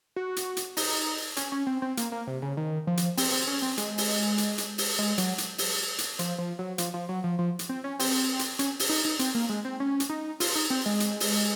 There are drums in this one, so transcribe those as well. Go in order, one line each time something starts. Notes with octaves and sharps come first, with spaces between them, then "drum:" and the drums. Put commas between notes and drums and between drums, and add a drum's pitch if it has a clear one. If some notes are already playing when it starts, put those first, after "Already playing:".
F#4
drum: hi-hat
drum: hi-hat
D#4, drum: open hi-hat
C#4, drum: hi-hat
C#4
C4
C4
A#3, drum: hi-hat
A#3
C3
C#3
D#3
F3
drum: hi-hat
C4, drum: open hi-hat
C4
C#4
C4
G#3, drum: hi-hat
drum: open hi-hat
drum: hi-hat
drum: hi-hat
drum: open hi-hat
G#3
F#3, drum: hi-hat
drum: hi-hat
drum: open hi-hat
drum: hi-hat
F3, drum: hi-hat
F3
F#3
F3, drum: hi-hat
F3
F#3
F3
F3
drum: hi-hat
C4
C#4
C4, drum: open hi-hat
drum: hi-hat
C#4, drum: hi-hat
drum: open hi-hat
D#4
D#4
C4, drum: hi-hat
A#3
G#3
C4
C#4
drum: hi-hat
D#4
F4, drum: open hi-hat
D#4
C4
G#3
drum: hi-hat
drum: open hi-hat